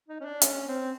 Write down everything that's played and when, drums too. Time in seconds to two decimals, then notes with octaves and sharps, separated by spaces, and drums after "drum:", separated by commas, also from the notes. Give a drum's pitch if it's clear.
0.08 D#4
0.21 C#4
0.25 D4
0.42 C#4, drum: hi-hat
0.68 C4